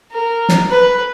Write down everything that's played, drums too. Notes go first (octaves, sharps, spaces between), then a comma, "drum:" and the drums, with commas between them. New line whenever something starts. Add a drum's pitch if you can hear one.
A#4
drum: snare
B4